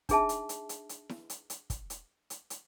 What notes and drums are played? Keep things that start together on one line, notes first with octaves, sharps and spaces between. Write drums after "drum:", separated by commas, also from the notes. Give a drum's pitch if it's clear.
D4 D#4 G#4 E5 A5, drum: kick, hi-hat
drum: hi-hat
drum: hi-hat
drum: hi-hat
drum: hi-hat
drum: snare E4
drum: hi-hat
drum: hi-hat
drum: kick, hi-hat
drum: hi-hat
drum: hi-hat
drum: hi-hat